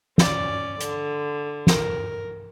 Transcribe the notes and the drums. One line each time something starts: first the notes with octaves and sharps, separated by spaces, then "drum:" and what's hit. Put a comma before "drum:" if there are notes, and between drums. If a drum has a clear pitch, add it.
C#4 D5, drum: snare
D3, drum: hi-hat
A#4, drum: snare